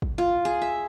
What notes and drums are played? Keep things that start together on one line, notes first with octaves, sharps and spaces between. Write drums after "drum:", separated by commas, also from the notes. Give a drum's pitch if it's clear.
drum: kick
F4
G#4
E5